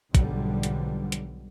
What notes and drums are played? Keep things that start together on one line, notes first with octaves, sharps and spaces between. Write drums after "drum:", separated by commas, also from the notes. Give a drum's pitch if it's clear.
B1 G#2 D3 F3 G3, drum: kick, hi-hat
drum: hi-hat
drum: hi-hat